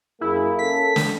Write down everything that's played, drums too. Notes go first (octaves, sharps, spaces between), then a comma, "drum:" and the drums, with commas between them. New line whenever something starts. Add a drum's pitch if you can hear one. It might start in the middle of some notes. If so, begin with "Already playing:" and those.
F#2 A#3 E4 G#4
C#4 A4 B6
drum: snare